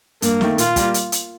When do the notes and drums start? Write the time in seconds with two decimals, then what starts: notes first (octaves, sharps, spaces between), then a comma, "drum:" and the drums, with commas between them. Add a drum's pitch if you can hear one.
0.22 G2 A#3, drum: hi-hat
0.41 D#3 A3, drum: snare
0.58 A#2 F4, drum: hi-hat
0.76 G3 A#3, drum: kick, hi-hat
0.94 drum: hi-hat
1.12 drum: hi-hat